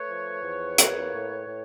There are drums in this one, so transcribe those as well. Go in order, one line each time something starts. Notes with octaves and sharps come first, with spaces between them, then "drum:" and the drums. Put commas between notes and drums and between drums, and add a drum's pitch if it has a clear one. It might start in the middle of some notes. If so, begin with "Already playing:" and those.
Already playing: A3 B4 C#5
F3
E2
A#3, drum: hi-hat
A2
A2